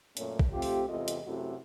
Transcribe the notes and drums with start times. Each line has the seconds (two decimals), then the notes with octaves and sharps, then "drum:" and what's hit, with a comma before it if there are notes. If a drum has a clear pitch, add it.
0.17 F#2 A#2 A3 C#4, drum: hi-hat
0.39 drum: kick
0.53 A3 C4 F4 G4
0.62 drum: open hi-hat
0.88 E2 C3 G#3 F4 A4 D#5
1.08 drum: hi-hat
1.25 F#2 C3 A3 E4 F#4